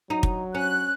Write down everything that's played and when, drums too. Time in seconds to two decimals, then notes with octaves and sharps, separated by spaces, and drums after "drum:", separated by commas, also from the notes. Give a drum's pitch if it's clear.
0.10 F#3 D#4
0.23 drum: kick
0.55 C#4 F#6